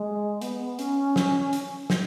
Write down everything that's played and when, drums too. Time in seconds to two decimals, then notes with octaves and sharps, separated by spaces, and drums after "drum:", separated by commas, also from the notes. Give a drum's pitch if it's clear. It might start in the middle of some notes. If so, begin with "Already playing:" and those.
Already playing: G#3
0.41 B3, drum: hi-hat
0.79 C#4, drum: hi-hat
1.16 drum: snare
1.53 drum: hi-hat
1.90 drum: snare